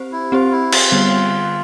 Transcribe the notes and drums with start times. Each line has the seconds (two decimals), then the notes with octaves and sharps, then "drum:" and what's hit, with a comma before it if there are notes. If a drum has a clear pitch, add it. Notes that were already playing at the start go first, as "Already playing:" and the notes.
Already playing: C4 G4 C5
0.12 E4
0.32 C4 F4 G4 C5
0.52 E4
0.72 F4, drum: cymbal
0.92 D3 G3 B3